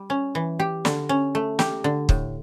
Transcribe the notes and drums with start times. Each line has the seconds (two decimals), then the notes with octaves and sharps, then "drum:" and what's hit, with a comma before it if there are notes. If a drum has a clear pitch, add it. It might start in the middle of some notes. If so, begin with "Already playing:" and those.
Already playing: G3
0.10 C#4
0.35 E3
0.59 G4
0.85 D3, drum: snare
1.09 C#4
1.35 A3
1.59 G4, drum: snare
1.84 D3
2.09 A2, drum: kick